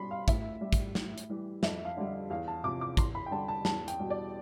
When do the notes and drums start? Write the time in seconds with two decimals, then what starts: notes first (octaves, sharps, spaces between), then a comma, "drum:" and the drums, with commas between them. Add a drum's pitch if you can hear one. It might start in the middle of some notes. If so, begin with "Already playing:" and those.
Already playing: B2 G3 B5 C6
0.11 F5
0.28 A2 E5, drum: kick, hi-hat
0.61 G3
0.73 drum: kick, hi-hat
0.95 A2, drum: snare
1.18 drum: hi-hat
1.29 E3 G3
1.63 F2 E5, drum: snare
1.85 F5
1.97 D3 G3
2.30 E2 F5
2.48 A5
2.64 C3 F3 D6
2.81 D6
2.97 E2 C6, drum: kick, hi-hat
3.15 B5
3.26 G5
3.31 D3 G3 A5
3.48 A5
3.65 E2 A5, drum: snare
3.88 G5, drum: hi-hat
3.99 B2 G3
4.10 D5